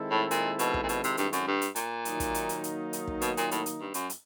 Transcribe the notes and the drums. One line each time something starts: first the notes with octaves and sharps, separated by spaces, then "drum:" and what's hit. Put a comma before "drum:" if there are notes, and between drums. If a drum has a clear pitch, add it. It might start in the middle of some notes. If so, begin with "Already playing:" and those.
Already playing: D#3 G#3 C4 E4 A4
A2
A#2, drum: hi-hat
B2, drum: hi-hat
drum: kick
A#2
B2, drum: hi-hat
C3, drum: hi-hat
G2, drum: hi-hat
F#2, drum: hi-hat
G2
drum: hi-hat
A#2, drum: hi-hat
D#3 F#3 A#3 D#4, drum: hi-hat
drum: kick, hi-hat
drum: hi-hat
drum: hi-hat
drum: hi-hat
drum: hi-hat
drum: kick
B2, drum: hi-hat
A#2, drum: hi-hat
A2, drum: hi-hat
drum: hi-hat
G2
F#2, drum: hi-hat
drum: hi-hat